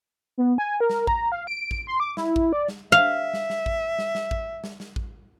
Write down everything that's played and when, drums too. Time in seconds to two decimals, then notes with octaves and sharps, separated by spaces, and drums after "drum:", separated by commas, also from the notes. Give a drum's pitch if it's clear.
0.38 B3
0.58 G#5
0.80 A#4
0.90 drum: snare
1.07 A#5, drum: kick A1
1.32 F5
1.47 D7
1.71 drum: kick A1
1.87 C6
2.00 D6
2.17 E4, drum: snare
2.36 drum: kick A1
2.53 D5
2.68 drum: snare
2.92 E5 F5
3.34 drum: snare
3.50 drum: snare
3.66 drum: kick A1
3.99 drum: snare
4.15 drum: snare
4.31 drum: kick A1
4.64 drum: snare
4.80 drum: snare
4.96 drum: kick A1